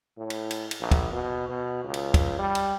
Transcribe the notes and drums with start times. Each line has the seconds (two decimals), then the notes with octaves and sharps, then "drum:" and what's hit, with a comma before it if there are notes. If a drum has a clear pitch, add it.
0.17 A2
0.30 drum: cymbal
0.51 drum: cymbal
0.71 drum: cymbal
0.80 A#1
0.91 drum: kick, cymbal
1.12 B2
1.49 B2
1.84 C#2
1.94 drum: cymbal
2.14 drum: kick, cymbal
2.39 G3
2.55 drum: cymbal